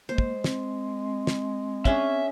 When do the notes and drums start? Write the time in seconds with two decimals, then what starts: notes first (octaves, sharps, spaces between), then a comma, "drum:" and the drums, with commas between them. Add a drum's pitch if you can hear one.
0.09 G#3 A#3 C5
0.18 drum: kick
0.44 C4, drum: snare
1.27 drum: snare
1.85 C#4 D4 G#4 E5, drum: kick